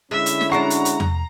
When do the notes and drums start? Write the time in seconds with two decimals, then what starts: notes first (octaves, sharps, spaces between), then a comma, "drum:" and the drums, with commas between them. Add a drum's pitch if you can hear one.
0.11 D3 G#3 C#4 E4 E5
0.26 drum: hi-hat
0.41 drum: snare
0.52 F#3 G#3 D4 F#5 A#5 C#6 C7
0.70 drum: hi-hat
0.85 drum: hi-hat
1.00 drum: tom E2